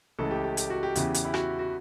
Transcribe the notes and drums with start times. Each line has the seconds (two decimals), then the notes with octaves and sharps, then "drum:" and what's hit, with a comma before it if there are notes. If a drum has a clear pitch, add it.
0.19 C#2 C#3 E3 A3 A4
0.31 G4
0.44 G4
0.57 G4, drum: hi-hat
0.70 F#4
0.83 G4
0.95 E2 C#3 E3, drum: hi-hat
1.14 drum: hi-hat
1.25 E4
1.34 F#4, drum: rim click
1.59 F#4